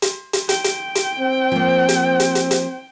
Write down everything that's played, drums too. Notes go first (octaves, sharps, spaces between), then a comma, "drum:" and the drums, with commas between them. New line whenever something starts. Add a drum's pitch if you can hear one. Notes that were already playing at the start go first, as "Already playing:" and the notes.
drum: hi-hat
drum: hi-hat
G5, drum: hi-hat
drum: hi-hat
drum: hi-hat
C4
F3 A#3
drum: hi-hat
drum: hi-hat
drum: hi-hat
drum: hi-hat